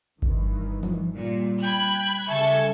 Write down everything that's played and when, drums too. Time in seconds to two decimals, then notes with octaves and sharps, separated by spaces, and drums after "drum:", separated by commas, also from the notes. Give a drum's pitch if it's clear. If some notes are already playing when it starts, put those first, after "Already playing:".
0.22 G2 D#3 E3, drum: kick G1
0.83 drum: tom E3
1.14 A#2 G3
1.62 G5 B5 F#6 G#6
2.28 C#3 G3 A4 E5 G#5 C#6